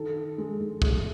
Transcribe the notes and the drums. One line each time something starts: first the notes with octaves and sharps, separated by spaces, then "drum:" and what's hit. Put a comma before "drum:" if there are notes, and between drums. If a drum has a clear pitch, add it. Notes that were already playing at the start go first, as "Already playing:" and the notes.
Already playing: D#3 A4
D#3
G#3
G#3
A3 G#4, drum: kick